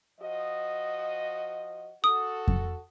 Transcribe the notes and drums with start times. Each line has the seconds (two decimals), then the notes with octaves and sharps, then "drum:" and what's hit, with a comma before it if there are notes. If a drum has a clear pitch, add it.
0.21 F3 F#4 D#5
2.04 F#4 A4 D#6
2.48 drum: kick F2